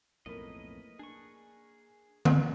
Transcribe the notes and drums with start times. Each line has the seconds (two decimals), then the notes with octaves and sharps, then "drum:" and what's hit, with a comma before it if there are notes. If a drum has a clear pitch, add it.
0.26 B1 F2 A2 A#3 A#4 B4 D#5
0.99 D4 G#4 C#6
2.25 drum: tom D3